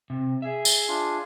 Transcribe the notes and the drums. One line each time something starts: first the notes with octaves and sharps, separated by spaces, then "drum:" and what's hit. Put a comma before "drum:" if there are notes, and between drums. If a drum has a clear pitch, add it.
C3
G#4 E5
drum: tambourine
D4 F4